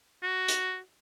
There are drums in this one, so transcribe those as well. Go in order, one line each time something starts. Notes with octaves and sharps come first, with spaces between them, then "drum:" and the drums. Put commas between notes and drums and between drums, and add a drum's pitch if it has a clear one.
F#4
drum: hi-hat